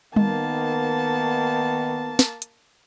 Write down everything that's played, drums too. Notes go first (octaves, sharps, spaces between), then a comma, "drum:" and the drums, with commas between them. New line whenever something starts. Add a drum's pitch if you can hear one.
D#3 A#3 B3 A5, drum: tom G3
drum: snare
drum: hi-hat